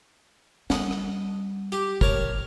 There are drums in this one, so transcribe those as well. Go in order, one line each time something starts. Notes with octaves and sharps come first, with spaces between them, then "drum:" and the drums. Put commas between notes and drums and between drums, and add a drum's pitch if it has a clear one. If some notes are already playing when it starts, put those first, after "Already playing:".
G3 D#5 F#5, drum: snare
drum: rim click
G4, drum: hi-hat
D#1 G2 A#4 C#5 A5, drum: kick